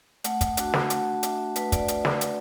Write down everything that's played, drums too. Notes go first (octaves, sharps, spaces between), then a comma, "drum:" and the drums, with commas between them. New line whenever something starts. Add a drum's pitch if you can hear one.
A3 F#5, drum: hi-hat
drum: kick, hi-hat
D4 F#4 A5, drum: hi-hat
drum: snare
A3 F#5, drum: hi-hat
A5
D4 F#4 E5, drum: hi-hat
F#5
A3 B4, drum: hi-hat
D5, drum: kick, hi-hat
drum: hi-hat
drum: snare
drum: hi-hat